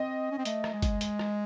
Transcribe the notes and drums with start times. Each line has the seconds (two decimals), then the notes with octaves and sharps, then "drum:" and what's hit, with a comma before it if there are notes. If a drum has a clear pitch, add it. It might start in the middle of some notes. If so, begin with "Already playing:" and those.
Already playing: C4 D#5
0.31 C#4
0.38 C4
0.45 A3, drum: hi-hat
0.64 drum: rim click
0.73 G#3
0.82 drum: kick G1, hi-hat
1.01 drum: hi-hat
1.19 drum: rim click